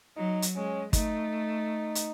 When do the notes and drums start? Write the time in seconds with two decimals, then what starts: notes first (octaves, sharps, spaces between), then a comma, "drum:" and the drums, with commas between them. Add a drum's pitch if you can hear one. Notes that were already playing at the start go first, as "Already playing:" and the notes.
0.16 F#3 D#4
0.42 drum: hi-hat
0.56 G#3 C#4
0.93 A3 D#4, drum: kick, hi-hat
1.95 drum: hi-hat